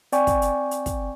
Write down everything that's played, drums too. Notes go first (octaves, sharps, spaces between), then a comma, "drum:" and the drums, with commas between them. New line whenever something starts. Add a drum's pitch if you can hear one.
C4 D5 G5 G#5 C#6, drum: hi-hat
drum: kick, hi-hat
drum: hi-hat
drum: hi-hat
drum: kick, hi-hat